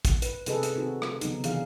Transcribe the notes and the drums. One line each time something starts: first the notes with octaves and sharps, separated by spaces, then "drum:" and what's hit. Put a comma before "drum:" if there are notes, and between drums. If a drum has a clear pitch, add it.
drum: kick, hi-hat
B4, drum: hi-hat
C3 C4 G#4 A4 B4 D#5, drum: hi-hat
drum: hi-hat
C4 D#4 F#4
drum: rim click
C#3 F#3 B3 D#4, drum: hi-hat
C3 E3 D4 D#4 G#4 F5, drum: hi-hat